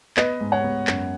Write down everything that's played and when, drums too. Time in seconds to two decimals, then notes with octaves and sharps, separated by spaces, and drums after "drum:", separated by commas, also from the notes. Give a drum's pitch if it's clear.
0.17 B3 B4 D#5, drum: clap
0.40 G#2
0.52 C#5 F#5
0.64 B3
0.87 F#2, drum: clap